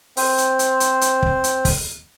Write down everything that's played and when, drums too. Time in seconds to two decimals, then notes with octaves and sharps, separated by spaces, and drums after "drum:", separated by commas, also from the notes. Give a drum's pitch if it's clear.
0.17 C4 C5, drum: open hi-hat
0.38 drum: hi-hat
0.59 drum: hi-hat
0.80 drum: hi-hat
1.01 drum: hi-hat
1.23 drum: kick
1.44 drum: hi-hat
1.65 drum: kick, open hi-hat